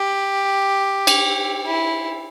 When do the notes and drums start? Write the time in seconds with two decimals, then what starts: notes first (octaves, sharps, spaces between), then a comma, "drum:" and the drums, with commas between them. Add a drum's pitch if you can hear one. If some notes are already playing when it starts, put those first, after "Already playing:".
Already playing: G4
1.07 drum: cymbal
1.66 E4